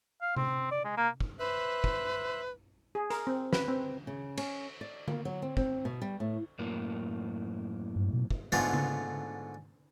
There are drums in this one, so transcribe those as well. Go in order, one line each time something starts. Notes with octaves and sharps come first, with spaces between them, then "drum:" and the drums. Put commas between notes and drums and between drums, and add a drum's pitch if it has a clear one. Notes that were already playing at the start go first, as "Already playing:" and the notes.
F5
C4, drum: tom C3
D5
G#3
A#3
drum: kick
B4 C5 E5 F#6
drum: kick
G#4
A#4, drum: hi-hat
C4
B4, drum: snare
C4
C#3
C#4, drum: cymbal
D5
A#3, drum: tom D3
F#3
C4
C4, drum: kick
B2
G3
A2
F#2 A2 A#3
G2
B2
drum: kick
G#2 D3 G#3 A3 B3 F4
drum: tom C#3